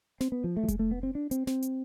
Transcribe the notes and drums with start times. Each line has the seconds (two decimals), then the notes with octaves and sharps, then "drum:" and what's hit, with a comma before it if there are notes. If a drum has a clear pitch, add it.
0.21 C4, drum: snare
0.32 B3
0.44 F3
0.57 A3
0.63 F3
0.68 G#3, drum: kick F1, hi-hat
0.79 A3
0.91 B3
1.03 C4
1.15 D4
1.31 C4, drum: hi-hat
1.47 C4, drum: snare
1.62 drum: hi-hat